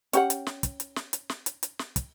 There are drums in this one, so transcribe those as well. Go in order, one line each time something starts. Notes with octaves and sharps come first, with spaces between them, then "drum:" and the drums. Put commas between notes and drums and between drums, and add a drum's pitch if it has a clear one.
C#4 G4 F#5, drum: hi-hat
drum: hi-hat
drum: snare
drum: kick, hi-hat
drum: hi-hat
drum: snare
drum: hi-hat
drum: snare
drum: hi-hat
drum: hi-hat
drum: snare
drum: kick, hi-hat